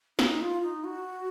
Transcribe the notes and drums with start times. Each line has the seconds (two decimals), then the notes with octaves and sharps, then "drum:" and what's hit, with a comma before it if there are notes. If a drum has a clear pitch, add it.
0.19 D#4, drum: snare
0.41 F4
0.62 D#4
0.84 F#4